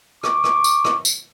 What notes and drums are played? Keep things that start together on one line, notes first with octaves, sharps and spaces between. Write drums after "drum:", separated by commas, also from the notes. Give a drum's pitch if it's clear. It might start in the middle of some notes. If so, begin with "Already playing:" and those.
C#6 D6, drum: rim click
drum: rim click
drum: tambourine
drum: rim click
drum: tambourine